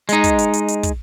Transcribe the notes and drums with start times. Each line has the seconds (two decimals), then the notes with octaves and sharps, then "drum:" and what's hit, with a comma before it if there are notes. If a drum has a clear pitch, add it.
0.09 G#3 D#4, drum: hi-hat
0.24 drum: kick, hi-hat
0.39 drum: hi-hat
0.53 drum: hi-hat
0.68 drum: hi-hat
0.83 drum: kick, hi-hat